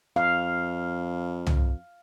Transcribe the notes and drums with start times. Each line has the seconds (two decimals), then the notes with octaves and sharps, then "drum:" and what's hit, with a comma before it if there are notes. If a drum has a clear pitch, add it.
0.16 F2 F5
1.47 drum: tom C2